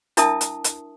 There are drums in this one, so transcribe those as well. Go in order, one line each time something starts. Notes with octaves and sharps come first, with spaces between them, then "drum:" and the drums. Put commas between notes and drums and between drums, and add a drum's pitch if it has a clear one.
D4 E4 A#4 E5 A5 D#6, drum: hi-hat
drum: hi-hat
drum: hi-hat